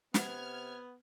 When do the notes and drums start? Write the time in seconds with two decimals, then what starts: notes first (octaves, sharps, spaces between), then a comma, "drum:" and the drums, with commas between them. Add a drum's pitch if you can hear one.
0.14 C3 B3 F#5 F6 G#6, drum: snare